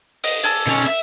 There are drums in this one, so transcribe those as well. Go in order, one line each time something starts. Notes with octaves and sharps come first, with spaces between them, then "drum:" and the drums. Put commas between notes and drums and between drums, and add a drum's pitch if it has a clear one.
D#5, drum: open hi-hat
G#4 A4 D5
B2 C#4
E5